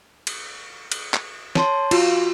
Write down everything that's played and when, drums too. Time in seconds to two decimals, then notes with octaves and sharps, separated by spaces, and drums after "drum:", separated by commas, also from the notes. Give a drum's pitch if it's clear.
0.27 drum: cymbal
0.92 drum: cymbal
1.14 drum: clap
1.55 C#5 A5 C6, drum: snare
1.91 F4 F#4, drum: cymbal